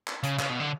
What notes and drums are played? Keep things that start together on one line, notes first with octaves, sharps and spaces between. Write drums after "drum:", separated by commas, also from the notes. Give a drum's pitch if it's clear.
drum: clap
C#3, drum: hi-hat
C#3, drum: clap
B2
D3